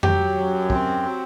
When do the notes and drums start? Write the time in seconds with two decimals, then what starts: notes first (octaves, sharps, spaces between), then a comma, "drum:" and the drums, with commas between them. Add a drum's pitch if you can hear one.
0.03 F#3 G4, drum: tom F2
0.36 F#2
0.70 C4, drum: kick
1.03 F#3